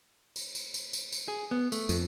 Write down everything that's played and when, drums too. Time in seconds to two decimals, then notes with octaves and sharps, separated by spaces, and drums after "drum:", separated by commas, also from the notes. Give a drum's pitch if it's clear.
0.36 drum: tambourine
0.55 drum: tambourine
0.74 drum: tambourine
0.93 drum: tambourine
1.12 drum: tambourine
1.28 G#4
1.51 B3
1.72 A3, drum: tambourine
1.89 F2, drum: tambourine